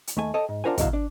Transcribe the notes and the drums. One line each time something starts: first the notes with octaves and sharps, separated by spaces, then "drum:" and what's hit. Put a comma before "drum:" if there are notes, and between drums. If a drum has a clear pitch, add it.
drum: hi-hat
D#2 A3 G#5
A4 C#5 D#5 G5 A5
G#2
D4 F4 A#4 C5 F#5 G#5
B1 B2 D3 F#3 E4 F5, drum: kick, hi-hat
D4